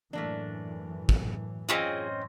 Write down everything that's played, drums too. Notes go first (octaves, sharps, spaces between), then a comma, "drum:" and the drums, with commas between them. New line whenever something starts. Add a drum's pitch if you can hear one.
F#2 A2 E3 A3 A#3 D4
drum: kick
C4 C#4 D#4 F4 G#4 D#5